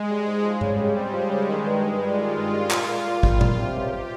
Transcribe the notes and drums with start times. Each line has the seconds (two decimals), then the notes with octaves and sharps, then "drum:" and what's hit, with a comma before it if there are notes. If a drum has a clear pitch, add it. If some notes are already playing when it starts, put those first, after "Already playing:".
Already playing: G#3
0.09 G3
0.26 G#2
0.43 F3 G3
0.61 C#3, drum: tom G#2
0.78 C#3
0.95 G#3 C4
1.13 F3
1.30 C#3
1.48 D#3
1.66 G2
1.83 G2
2.00 G3 F4
2.18 D#3
2.35 G2
2.53 G3
2.71 A#2, drum: clap
2.88 A#2
3.05 A#3 F4
3.23 G3, drum: kick
3.41 A#2, drum: tom A#2
3.58 C3 G4
3.76 C#2